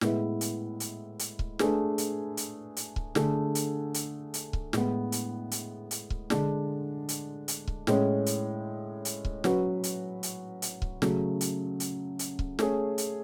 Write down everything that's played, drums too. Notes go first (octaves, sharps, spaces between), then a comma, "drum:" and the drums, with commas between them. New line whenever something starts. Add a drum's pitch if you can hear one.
A2 G#3 B3 E4 B4, drum: snare
drum: hi-hat
drum: hi-hat
drum: hi-hat
drum: kick C#1
A3 D4 G#4 B4, drum: snare
drum: hi-hat
drum: hi-hat
drum: hi-hat
drum: kick C#1
D3 A3 D4 G#4, drum: snare
drum: hi-hat
drum: hi-hat
drum: hi-hat
drum: kick C#1
A2 G#3 B3, drum: snare
drum: hi-hat
drum: hi-hat
drum: hi-hat
drum: kick C#1
D3 G#3 D4, drum: snare
drum: hi-hat
drum: hi-hat
drum: kick C#1
A2 G#3 C#4, drum: snare
drum: hi-hat
drum: hi-hat
drum: kick C#1
F#3 C#4 F#4 B4, drum: snare
drum: hi-hat
drum: hi-hat
drum: hi-hat
drum: kick C#1
C#3 F#3 A3, drum: snare
drum: hi-hat
drum: hi-hat
drum: hi-hat
drum: kick C#1
A3 C#4 G#4, drum: snare
drum: hi-hat